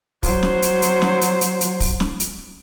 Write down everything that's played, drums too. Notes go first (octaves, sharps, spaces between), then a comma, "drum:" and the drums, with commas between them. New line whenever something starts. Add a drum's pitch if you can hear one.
F#3 C5, drum: kick, open hi-hat
drum: snare
drum: hi-hat
drum: hi-hat
drum: snare
drum: hi-hat
drum: hi-hat
drum: hi-hat
drum: kick, open hi-hat
drum: snare
drum: hi-hat